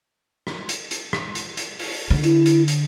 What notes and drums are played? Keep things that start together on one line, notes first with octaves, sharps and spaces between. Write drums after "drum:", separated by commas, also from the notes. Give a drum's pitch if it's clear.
drum: rim click
drum: hi-hat
drum: hi-hat
drum: rim click
drum: hi-hat
drum: hi-hat
drum: open hi-hat
D3
E4, drum: hi-hat
drum: hi-hat
drum: hi-hat